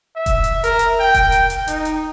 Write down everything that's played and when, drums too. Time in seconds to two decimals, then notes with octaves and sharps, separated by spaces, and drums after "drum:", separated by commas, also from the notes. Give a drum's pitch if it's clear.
0.16 E5
0.26 drum: kick E1, hi-hat
0.44 drum: hi-hat
0.64 A#4, drum: hi-hat
0.79 drum: hi-hat
1.00 G5
1.14 drum: kick E1, hi-hat
1.32 drum: hi-hat
1.50 drum: hi-hat
1.68 D#4, drum: hi-hat
1.85 drum: hi-hat